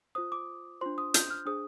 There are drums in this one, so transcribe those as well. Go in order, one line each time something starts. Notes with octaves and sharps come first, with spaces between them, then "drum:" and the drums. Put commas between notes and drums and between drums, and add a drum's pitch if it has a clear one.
F4 C5 D#6
D6
D4 F4 C5 C6
D#6
G6, drum: hi-hat
F6
D4 G#4 C5 D#6